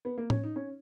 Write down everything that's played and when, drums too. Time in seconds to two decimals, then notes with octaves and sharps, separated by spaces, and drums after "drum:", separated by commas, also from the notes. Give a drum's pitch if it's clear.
0.05 B3
0.18 A#3
0.30 C#4, drum: tom A2
0.43 D#4
0.56 C#4